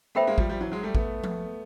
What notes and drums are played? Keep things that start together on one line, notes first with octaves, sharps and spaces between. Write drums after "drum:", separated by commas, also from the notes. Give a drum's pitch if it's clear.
A3 B3 C5 E5 G5 B5
G#3 A#3
F3 G3, drum: kick
F3 G3
E3 F#3
F#3 G#3
G3 A3
A3 B3, drum: kick
drum: tom F3